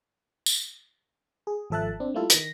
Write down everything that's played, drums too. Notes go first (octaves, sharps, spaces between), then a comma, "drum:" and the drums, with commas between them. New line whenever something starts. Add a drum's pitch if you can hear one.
drum: tambourine
G#4
G#1 F3 A4 E5 A5 F#6
C4 D4
G3 A3 A#3 E4 F4 A4
D#3 A#6 B6, drum: hi-hat